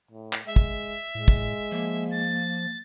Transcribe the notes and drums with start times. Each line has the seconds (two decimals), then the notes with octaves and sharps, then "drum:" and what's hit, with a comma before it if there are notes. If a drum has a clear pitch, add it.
0.11 A2
0.33 drum: clap
0.46 G#3 E5
0.56 drum: kick
1.15 A2 G#3
1.28 drum: kick
1.72 F3 A#3
2.11 A6